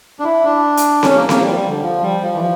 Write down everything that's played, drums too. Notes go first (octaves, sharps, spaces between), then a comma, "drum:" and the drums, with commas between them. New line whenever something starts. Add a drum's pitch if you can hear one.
D4
E4
D4
drum: hi-hat
C#4, drum: snare C4
A#3
A#3, drum: snare C4
F3
G3
F3
G3
D3
F3
G3
F3
E3
F3